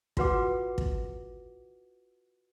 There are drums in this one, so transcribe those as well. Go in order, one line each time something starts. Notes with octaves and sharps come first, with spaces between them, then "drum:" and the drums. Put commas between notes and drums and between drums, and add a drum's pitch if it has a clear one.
F4 F#4 B4 F#5 D6, drum: kick
drum: kick